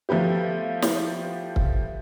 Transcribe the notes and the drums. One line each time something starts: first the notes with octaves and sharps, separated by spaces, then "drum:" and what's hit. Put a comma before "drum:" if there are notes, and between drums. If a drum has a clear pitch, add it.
F3 A3 B3 G4
drum: snare
drum: kick C#1